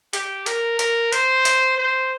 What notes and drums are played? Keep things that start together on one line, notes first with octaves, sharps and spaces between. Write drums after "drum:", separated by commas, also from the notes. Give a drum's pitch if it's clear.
G4, drum: hi-hat
A#4, drum: hi-hat
A#4, drum: hi-hat
C5, drum: hi-hat
drum: hi-hat
C5